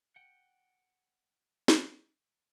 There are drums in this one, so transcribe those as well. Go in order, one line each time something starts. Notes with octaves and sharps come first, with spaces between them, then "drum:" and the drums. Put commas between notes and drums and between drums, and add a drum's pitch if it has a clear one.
F#5 G5
drum: snare